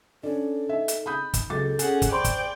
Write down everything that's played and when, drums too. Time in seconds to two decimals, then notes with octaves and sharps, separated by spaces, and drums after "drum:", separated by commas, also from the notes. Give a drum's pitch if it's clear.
0.23 C#4 D4 A4
0.69 D#4 D#5 E5
0.88 drum: hi-hat
1.06 B5 D#6 G6
1.34 drum: kick, hi-hat
1.50 C#2 F#3 A4 D6 A6
1.79 C#4 G#4 F#5, drum: hi-hat
2.02 drum: kick, hi-hat
2.11 G4 C5 D5 G5 B5 C6
2.24 drum: kick, hi-hat